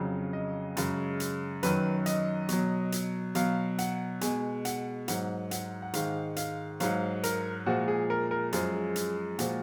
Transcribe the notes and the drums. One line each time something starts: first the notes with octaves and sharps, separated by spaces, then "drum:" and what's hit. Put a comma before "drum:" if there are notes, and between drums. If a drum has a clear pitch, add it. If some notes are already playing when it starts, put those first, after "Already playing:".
Already playing: F2 C#3 F#3
D#5
F#2 C#3 G#3, drum: hi-hat
drum: hi-hat
F#2 D#3 F#3 B4, drum: hi-hat
D#5, drum: hi-hat
B2 F#3, drum: hi-hat
drum: hi-hat
B2 F#3 F5, drum: hi-hat
F#5, drum: hi-hat
B2 G#3 G#5, drum: hi-hat
F#5, drum: hi-hat
G#2 F#3 F#5, drum: hi-hat
F#5, drum: hi-hat
F#5
G#2 D#3 G#3 F5, drum: hi-hat
F5, drum: hi-hat
G#2 F#3 F5, drum: hi-hat
A#4, drum: hi-hat
A#2 F3 G#3 F#4
G#4
A#4
A#4
F#2 F3 G#3 G#4, drum: hi-hat
drum: hi-hat
A#2 F3 G#3 F#4, drum: hi-hat